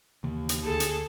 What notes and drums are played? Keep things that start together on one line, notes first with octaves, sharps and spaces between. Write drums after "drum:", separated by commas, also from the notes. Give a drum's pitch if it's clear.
D#2 C#3 E3
drum: hi-hat
D2 G#4 A4
drum: hi-hat